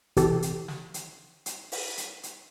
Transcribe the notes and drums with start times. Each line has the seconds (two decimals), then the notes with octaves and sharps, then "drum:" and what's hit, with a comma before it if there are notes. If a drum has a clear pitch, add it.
0.17 C3 E3 G4 A4, drum: kick, hi-hat
0.42 drum: hi-hat
0.68 drum: snare
0.94 drum: hi-hat
1.46 drum: hi-hat
1.72 drum: open hi-hat
1.98 drum: hi-hat
2.23 drum: hi-hat